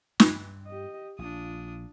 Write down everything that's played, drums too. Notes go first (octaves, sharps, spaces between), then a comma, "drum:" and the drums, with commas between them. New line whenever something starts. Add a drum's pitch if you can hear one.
G2, drum: snare
G4 D#5
A#1 D4 F4 D#6